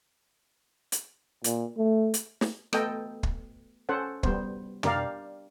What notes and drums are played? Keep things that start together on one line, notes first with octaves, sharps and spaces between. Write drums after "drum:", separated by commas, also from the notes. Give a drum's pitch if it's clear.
drum: hi-hat
A#2, drum: hi-hat
A3
drum: hi-hat
drum: snare
A3 B3 A4 D#5 G5, drum: rim click
drum: kick
C#4 A4 C5 F#5
G3 B3 C5, drum: kick
D4 G4 A#4 D5 F5, drum: tom